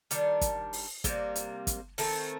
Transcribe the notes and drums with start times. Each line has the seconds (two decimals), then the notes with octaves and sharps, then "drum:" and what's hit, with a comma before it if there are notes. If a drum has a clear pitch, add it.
0.11 D#3 G3 D4, drum: hi-hat
0.41 drum: kick, hi-hat
0.73 drum: open hi-hat
1.04 C3 G3 A#3, drum: kick, hi-hat
1.36 drum: hi-hat
1.67 drum: kick, hi-hat
1.98 D#3 A3 C4, drum: open hi-hat